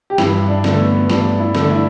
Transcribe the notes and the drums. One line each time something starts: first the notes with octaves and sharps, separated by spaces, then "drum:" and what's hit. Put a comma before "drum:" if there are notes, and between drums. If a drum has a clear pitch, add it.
G4
G2 E4, drum: snare
D4
D3 A3, drum: snare
B3
B3
G2 D4, drum: snare
E4
D3 A3, drum: snare
D4
E4